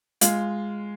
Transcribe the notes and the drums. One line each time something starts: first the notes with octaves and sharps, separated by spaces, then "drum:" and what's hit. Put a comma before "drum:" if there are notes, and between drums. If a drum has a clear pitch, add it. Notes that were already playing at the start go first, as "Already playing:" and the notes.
G#3 F4, drum: hi-hat